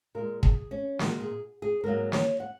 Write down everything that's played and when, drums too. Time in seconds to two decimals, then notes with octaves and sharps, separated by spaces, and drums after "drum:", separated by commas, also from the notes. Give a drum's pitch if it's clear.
0.15 A#2 G#3 A#4
0.43 G#4, drum: kick
0.71 C#4
0.99 A#2 G#3 F#4, drum: snare
1.20 G#4
1.62 G#4
1.83 G#2 F#3 A#3 A#4
2.12 C#5, drum: snare
2.40 F#5